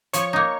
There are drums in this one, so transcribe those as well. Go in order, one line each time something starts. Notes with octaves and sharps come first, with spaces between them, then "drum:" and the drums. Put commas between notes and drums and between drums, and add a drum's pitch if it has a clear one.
F3 C#5 C#6, drum: hi-hat
A#3 D#4